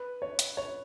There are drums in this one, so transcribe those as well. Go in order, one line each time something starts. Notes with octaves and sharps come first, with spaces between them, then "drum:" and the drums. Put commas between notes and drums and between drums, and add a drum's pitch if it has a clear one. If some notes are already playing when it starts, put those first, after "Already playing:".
Already playing: B4
C#5
drum: hi-hat
C#5